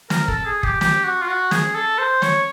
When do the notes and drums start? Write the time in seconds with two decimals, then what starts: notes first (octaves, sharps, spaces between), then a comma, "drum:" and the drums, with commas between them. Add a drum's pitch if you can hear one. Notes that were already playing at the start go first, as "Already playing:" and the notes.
0.10 A#4, drum: snare
0.28 A4, drum: kick
0.45 G#4
0.63 G4, drum: kick
0.81 G4, drum: snare
1.04 F#4
1.21 F4
1.28 F#4
1.51 G#4, drum: snare
1.75 A4
1.99 C5
2.22 C#5, drum: snare